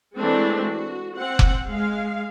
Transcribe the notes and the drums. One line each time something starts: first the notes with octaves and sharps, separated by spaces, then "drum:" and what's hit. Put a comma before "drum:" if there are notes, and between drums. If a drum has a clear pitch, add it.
E3 G#3 A3 C4 D4 E4
F#4
C4 F#5
drum: kick F1
G#3 F5